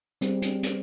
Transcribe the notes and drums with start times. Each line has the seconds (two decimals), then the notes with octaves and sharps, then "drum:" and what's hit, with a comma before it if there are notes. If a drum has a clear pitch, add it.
0.21 G3 C4 G#4, drum: hi-hat
0.42 drum: hi-hat
0.63 drum: hi-hat